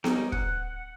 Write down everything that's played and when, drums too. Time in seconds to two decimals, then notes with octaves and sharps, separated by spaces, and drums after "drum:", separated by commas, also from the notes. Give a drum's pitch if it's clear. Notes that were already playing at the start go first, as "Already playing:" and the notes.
0.04 G3 C#4 D#4, drum: snare B3
0.32 F#5, drum: kick